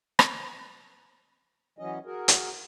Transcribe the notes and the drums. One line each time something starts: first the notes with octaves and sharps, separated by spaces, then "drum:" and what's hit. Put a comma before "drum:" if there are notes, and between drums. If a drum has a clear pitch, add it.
drum: rim click
E3 F#3 C#4 D#5
F#4 G#4 A#4
drum: hi-hat